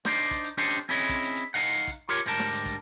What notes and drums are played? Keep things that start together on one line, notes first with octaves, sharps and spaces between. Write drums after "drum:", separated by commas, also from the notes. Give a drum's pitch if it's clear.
D4 D#4 C5 D5, drum: snare
drum: hi-hat
drum: kick, hi-hat
drum: hi-hat
C#4 D4 G4 A4 C5 D#5, drum: hi-hat
drum: hi-hat
C4 C#4 E4 G#4 C#5 D#5
drum: kick, hi-hat
drum: hi-hat
drum: hi-hat
D#4 D#5 F5 F#5
drum: hi-hat
drum: kick, hi-hat
F4 G4 A#4 C#5
D2 G#2 D3 G3 A#4 A5, drum: hi-hat
drum: snare
drum: hi-hat
drum: kick, hi-hat